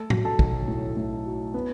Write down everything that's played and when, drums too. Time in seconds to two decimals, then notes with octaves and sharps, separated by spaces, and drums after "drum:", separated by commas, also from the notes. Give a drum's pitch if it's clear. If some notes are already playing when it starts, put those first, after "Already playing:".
Already playing: A3 A4 A5
0.10 F#3, drum: tom A2
0.25 A4 A5
0.39 B1, drum: kick
0.68 A2
0.97 A3
1.26 F#3
1.54 B3